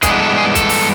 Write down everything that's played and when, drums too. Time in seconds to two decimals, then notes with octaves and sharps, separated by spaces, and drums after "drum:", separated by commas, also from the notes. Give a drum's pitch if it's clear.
0.03 G2 E3 G#3 B3 D4 G#4, drum: kick, hi-hat
0.21 A4
0.38 G#4
0.55 A4, drum: kick, hi-hat
0.69 drum: open hi-hat